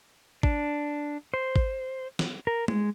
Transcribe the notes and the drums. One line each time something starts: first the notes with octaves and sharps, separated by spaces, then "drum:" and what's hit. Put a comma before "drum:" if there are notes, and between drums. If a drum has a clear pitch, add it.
D4, drum: kick G#1
C5
drum: kick G#1
drum: snare
A#4
G#3, drum: tom G#3